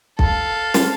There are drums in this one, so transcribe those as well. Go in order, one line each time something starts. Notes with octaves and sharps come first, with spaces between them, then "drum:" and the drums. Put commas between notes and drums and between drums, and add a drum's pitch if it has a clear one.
A4 F5, drum: kick B1
drum: snare